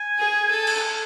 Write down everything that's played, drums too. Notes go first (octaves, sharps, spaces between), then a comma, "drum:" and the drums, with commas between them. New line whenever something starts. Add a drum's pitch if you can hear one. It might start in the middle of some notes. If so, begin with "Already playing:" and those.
Already playing: G#5
G#4
A4
drum: cymbal